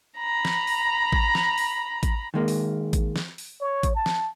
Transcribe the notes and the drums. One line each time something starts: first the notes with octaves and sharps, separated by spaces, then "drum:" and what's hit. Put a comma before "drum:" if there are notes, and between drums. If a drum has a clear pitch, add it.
A#5 B5
drum: snare
drum: open hi-hat
drum: kick A1
drum: snare
drum: open hi-hat
drum: kick A1, hi-hat
D#3 G#3 A#3
drum: open hi-hat
drum: kick A1, hi-hat
drum: snare
drum: open hi-hat
C#5
drum: kick A1, hi-hat
A5
drum: snare